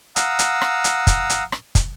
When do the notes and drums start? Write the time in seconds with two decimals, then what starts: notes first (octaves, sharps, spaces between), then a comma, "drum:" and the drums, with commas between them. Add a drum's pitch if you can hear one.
0.16 F5 F#5 A#5 D#6 E6, drum: hi-hat
0.39 drum: hi-hat
0.61 drum: rim click
0.84 drum: hi-hat
1.07 drum: kick, hi-hat
1.30 drum: hi-hat
1.52 drum: rim click
1.75 drum: kick, hi-hat